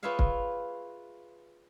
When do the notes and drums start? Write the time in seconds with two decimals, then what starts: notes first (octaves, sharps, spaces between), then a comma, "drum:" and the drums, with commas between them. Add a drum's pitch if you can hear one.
0.03 F4 G#4 B4 C#5 E5 F5
0.19 drum: kick